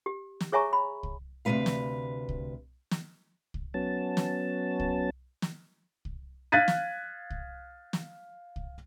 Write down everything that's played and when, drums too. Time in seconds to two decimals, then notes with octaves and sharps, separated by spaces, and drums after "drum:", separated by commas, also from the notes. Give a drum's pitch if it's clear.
0.06 G4
0.41 drum: snare
0.52 G#4 C#5 E5 G#5 A#5 C#6
0.73 B5
1.03 drum: kick C2
1.45 D2 C3 E3 G#3 B4 F5
1.66 drum: snare
2.29 drum: kick C2
2.91 drum: snare
3.54 drum: kick C2
3.74 F#3 B3 C#4 A5
4.17 drum: snare
4.80 drum: kick C2
5.42 drum: snare
6.05 drum: kick C2
6.52 F5 F#6 G#6 A6 B6 D#7
6.68 drum: snare
7.30 drum: kick C2
7.93 drum: snare
8.56 drum: kick C2